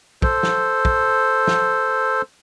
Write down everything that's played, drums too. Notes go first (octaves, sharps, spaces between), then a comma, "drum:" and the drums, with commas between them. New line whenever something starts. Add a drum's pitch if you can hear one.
A4 C5, drum: kick
drum: snare
drum: kick
drum: snare